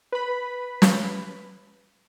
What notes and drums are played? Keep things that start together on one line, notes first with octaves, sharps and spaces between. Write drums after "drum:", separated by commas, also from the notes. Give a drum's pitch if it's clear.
B4 B5
drum: snare